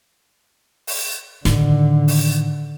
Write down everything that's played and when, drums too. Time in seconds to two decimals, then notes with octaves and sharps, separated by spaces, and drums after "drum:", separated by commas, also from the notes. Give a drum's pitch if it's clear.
0.87 drum: open hi-hat
1.45 A2 D3 D#3, drum: snare
2.08 drum: open hi-hat